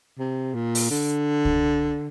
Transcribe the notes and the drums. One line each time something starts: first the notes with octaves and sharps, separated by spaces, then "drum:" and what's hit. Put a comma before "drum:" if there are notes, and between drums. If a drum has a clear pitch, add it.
C3
A#2
drum: open hi-hat
D3
drum: kick C2